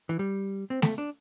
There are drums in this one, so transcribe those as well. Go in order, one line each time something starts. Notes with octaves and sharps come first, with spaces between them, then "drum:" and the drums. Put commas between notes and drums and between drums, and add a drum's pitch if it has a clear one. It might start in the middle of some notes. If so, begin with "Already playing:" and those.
E3
G3
C4
A3, drum: snare A3
D4